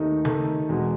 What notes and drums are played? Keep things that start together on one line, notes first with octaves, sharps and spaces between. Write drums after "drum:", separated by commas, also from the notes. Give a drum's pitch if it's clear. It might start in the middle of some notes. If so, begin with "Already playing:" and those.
Already playing: D#2 D#3 A3 D#4
D#3 A3 D#4 A4 D#5, drum: tom C#3
E2 B2 G#3